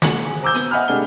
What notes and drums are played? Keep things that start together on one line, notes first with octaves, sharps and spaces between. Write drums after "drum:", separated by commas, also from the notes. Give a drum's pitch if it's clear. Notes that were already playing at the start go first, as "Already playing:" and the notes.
A#3 F#4 C#7 F#7, drum: snare
G#4
C5 A#5 D6 E6 G6
B3, drum: hi-hat
D#5 E5 F#5 G#5 B5 F6
C3 G#3 A3 D4 F#5 G7